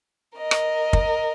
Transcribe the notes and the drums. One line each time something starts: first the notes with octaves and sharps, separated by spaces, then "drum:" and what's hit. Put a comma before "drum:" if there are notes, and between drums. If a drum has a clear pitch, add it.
A#4 D#5
drum: rim click
drum: kick